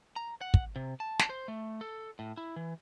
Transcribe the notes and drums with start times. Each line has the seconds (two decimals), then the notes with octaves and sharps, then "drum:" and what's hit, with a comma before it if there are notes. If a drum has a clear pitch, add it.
0.16 A#5
0.41 F#5
0.54 drum: kick
0.76 C3
1.00 A5
1.19 drum: snare
1.30 C5
1.48 A3
1.81 A4
2.19 A2
2.37 E4
2.56 E3